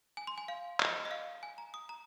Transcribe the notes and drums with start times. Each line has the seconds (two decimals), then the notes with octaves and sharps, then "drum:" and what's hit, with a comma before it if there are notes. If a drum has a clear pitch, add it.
0.17 G#5
0.27 C6
0.38 G#5
0.48 F5
0.80 D#5, drum: clap
1.05 D#5
1.11 F5
1.43 G#5
1.58 A#5
1.74 D#6
1.89 A#5